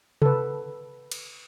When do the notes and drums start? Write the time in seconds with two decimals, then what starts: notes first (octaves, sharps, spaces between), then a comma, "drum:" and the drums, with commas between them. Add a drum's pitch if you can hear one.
0.22 A4 B4, drum: tom C3
1.11 drum: cymbal